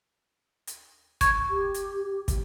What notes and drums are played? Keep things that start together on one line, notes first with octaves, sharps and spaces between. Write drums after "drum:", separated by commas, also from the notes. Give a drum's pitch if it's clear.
drum: hi-hat
C#6 G#6, drum: kick, hi-hat
G4
drum: hi-hat
drum: kick, hi-hat